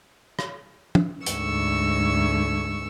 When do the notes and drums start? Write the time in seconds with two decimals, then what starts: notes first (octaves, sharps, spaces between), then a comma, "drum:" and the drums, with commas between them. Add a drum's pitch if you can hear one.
0.39 drum: rim click
0.95 drum: tom
1.26 D2 G#2 C#6 E6, drum: hi-hat